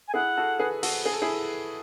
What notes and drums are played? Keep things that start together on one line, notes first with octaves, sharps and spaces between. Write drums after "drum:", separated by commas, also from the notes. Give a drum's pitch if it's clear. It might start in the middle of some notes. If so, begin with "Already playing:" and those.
G#5
E4 G#4 F#5
F#4 A4
G#4 B4
F#4 A4, drum: open hi-hat
G#4
A4
E4 G#4